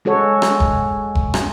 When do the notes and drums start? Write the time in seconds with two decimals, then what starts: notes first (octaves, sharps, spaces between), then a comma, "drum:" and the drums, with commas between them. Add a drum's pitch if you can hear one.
0.05 G#3 F#4 A4 C#5
0.42 drum: rim click
0.60 drum: kick F1
1.15 drum: kick F1
1.34 drum: rim click